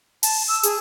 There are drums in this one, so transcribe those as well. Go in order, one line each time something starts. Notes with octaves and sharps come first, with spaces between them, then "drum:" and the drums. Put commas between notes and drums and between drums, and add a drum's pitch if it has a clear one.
A5, drum: open hi-hat
E6
G#4, drum: hi-hat